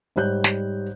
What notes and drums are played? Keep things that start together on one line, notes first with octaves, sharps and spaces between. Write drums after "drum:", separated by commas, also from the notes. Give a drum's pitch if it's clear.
G#2 G3 C#5 F#6 G6
drum: snare